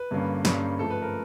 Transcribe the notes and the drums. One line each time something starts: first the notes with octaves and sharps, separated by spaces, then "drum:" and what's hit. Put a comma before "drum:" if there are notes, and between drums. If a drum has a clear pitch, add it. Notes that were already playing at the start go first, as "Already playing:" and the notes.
Already playing: B4
G2 D3 G3 A#3 C#4
G2 D3 G3 A#3 C#4, drum: snare
G#2 F3 A3 A4
B4
A#4